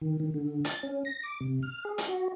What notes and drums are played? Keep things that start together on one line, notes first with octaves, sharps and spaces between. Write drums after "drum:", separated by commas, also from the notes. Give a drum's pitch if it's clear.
D#3
D#3
D3
A6, drum: hi-hat
C#4
A#6
D6
C3
F6
G#4
drum: hi-hat
F#4